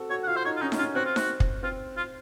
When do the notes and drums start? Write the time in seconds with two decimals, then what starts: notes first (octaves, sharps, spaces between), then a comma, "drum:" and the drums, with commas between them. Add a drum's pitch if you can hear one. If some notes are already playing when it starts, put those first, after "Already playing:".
Already playing: C4 F#4 A4
0.10 F#4 C#5
0.24 F#5
0.27 F4 F5
0.36 C5
0.45 D#4 C#5
0.57 F4
0.62 C#4 D#4
0.72 D#4, drum: snare D#4
0.79 C#4 F4
0.95 C4 F#4
1.05 F4
1.16 F#4, drum: snare D#4
1.40 drum: kick
1.63 C4 F4
1.97 F4